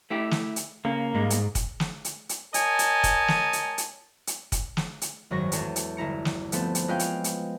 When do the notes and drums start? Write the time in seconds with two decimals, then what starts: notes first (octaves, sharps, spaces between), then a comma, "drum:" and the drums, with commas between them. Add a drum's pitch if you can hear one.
0.10 A3 E4 G4
0.31 drum: snare
0.56 drum: hi-hat
0.85 C#3 A#3
1.15 G#2 G3 G#3
1.30 drum: hi-hat
1.55 drum: kick, hi-hat
1.80 drum: snare
2.05 drum: hi-hat
2.29 drum: hi-hat
2.54 A#4 C#5 D#5 G#5 A5, drum: hi-hat
2.79 drum: hi-hat
3.04 drum: kick, hi-hat
3.28 drum: snare
3.53 drum: hi-hat
3.78 drum: hi-hat
4.27 drum: hi-hat
4.52 drum: kick, hi-hat
4.77 drum: snare
5.01 drum: hi-hat
5.30 G#1 F#2 F#3 C#6 A#6
5.52 E2 F#3 A4 C#5, drum: hi-hat
5.76 drum: hi-hat
5.97 G1 E4 A#5 C#7
6.25 drum: snare
6.52 F3 A3 B3 C4 A4, drum: hi-hat
6.75 drum: hi-hat
6.88 G#3 C#4 F4 B4 F5 G5
6.99 drum: hi-hat
7.24 drum: hi-hat